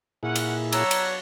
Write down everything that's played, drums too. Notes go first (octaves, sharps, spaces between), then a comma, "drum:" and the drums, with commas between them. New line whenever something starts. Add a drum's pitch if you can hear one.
A#2 C#4 E4 G#4 F#5
drum: cymbal
F#3 B3 D4 C#5 F#5 A#5 E6, drum: cymbal
drum: cymbal